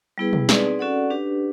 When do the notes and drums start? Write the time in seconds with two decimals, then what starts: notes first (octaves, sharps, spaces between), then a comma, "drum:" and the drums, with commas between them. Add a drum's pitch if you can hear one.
0.18 G3 B3 E4 G#4 B4
0.33 drum: tom
0.49 C4 D#4 G#4 B4 D5, drum: snare
0.79 C#4 F#4 A4 D5 F#5
1.10 D4 G4 B4